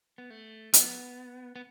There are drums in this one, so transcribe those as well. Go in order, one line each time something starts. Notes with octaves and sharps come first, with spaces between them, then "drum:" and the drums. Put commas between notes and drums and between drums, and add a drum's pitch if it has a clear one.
B3
A3
B3, drum: hi-hat
B3